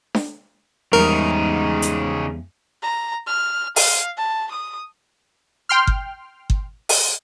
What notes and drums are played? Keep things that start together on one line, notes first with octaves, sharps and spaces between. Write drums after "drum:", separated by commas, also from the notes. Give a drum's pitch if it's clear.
drum: snare D4
E2 G#2 C#3 G3 D#4 A#4
drum: hi-hat
A#5
F6
F5, drum: open hi-hat
A5
D#6
G5 C6 F6
drum: kick G1
drum: kick G1
drum: open hi-hat